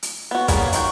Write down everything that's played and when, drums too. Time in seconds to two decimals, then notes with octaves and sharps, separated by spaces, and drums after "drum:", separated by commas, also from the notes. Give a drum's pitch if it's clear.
0.03 drum: hi-hat
0.31 B3 F#4
0.48 G3 A#3 B3 C#4 G#4, drum: kick, hi-hat
0.72 D#3 F4 F#4 G5, drum: hi-hat